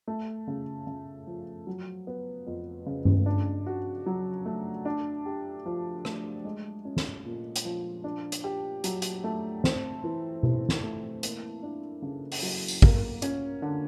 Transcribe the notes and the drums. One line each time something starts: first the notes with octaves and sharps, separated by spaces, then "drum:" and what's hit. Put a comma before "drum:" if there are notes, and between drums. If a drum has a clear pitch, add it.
A3
C#3
C#3
F3
F#3
B3
F2
C#3
drum: tom G2
D4
F#4
F#3
A3
D4
G4
F3
A3, drum: rim click
G#3
C#4
drum: snare
A#2
drum: hi-hat
F3
D4
drum: hi-hat
G4
F#3, drum: hi-hat
drum: hi-hat
A3
C4, drum: snare
E3
E3, drum: tom B2
drum: snare
A3
A#3, drum: hi-hat
D4
C#3
drum: open hi-hat
F#3
drum: tambourine
A#3, drum: kick
C#4, drum: hi-hat
D3